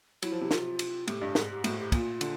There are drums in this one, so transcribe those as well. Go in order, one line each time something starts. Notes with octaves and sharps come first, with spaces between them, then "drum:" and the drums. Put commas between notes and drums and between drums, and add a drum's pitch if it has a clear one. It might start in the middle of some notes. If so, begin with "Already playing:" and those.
F#3 E4, drum: cymbal
F3
C3
F4, drum: snare
drum: cymbal
A2 G4, drum: cymbal
G2
G#2 G#4, drum: snare
G4
A2 F#4, drum: cymbal
G4
A#2 F4, drum: kick, cymbal
D3, drum: cymbal